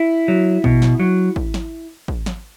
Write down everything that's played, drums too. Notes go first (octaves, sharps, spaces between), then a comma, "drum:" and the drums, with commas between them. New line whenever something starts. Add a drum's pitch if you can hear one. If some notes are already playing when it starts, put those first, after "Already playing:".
Already playing: E4
F#3
B2, drum: kick
drum: snare
F#3
drum: kick
drum: snare
drum: kick
drum: snare